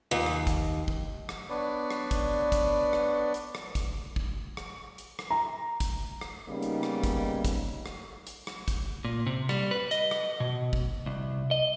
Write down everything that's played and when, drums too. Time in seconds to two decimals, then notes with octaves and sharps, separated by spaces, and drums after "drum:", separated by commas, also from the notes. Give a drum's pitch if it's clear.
0.11 D#2
0.26 drum: rim click
0.47 drum: kick, hi-hat
0.88 drum: kick
1.29 drum: rim click
1.49 B3 D4 B4 C#5 D5
1.91 drum: rim click
2.11 drum: kick, hi-hat
2.52 drum: kick, hi-hat
2.93 drum: rim click
3.34 drum: hi-hat
3.55 drum: rim click
3.75 drum: kick, hi-hat
4.16 drum: kick
4.57 drum: rim click
4.98 drum: hi-hat
5.19 drum: rim click
5.31 A#5
5.80 drum: kick, hi-hat
6.21 drum: rim click
6.48 C#3 G3 A#3 B3 D#4
6.62 drum: hi-hat
6.83 drum: rim click
7.04 drum: kick, hi-hat
7.45 drum: kick, hi-hat
7.86 drum: rim click
8.27 drum: hi-hat
8.47 drum: rim click
8.68 drum: kick, hi-hat
9.05 A#2
9.26 C3
9.49 G3, drum: rim click
9.71 B4
9.91 D#5, drum: hi-hat
10.11 drum: rim click
10.40 B2
10.73 drum: kick
11.06 C2
11.51 D#5